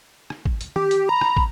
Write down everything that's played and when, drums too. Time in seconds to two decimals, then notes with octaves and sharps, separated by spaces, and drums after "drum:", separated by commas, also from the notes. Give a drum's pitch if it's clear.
0.30 drum: rim click
0.45 drum: kick
0.61 drum: hi-hat
0.76 G4, drum: tom D#3
0.91 drum: hi-hat
1.09 A#5 B5
1.21 drum: rim click
1.37 drum: kick